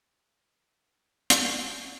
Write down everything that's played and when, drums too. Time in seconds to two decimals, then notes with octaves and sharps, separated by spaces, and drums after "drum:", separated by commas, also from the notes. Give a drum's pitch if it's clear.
1.30 F4 D5 G#5 E6, drum: hi-hat